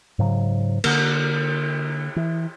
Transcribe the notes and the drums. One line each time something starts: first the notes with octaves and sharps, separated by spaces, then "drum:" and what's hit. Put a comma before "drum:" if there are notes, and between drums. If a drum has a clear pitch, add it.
G#2 C#3 F#3
D3 A#3, drum: cymbal
E3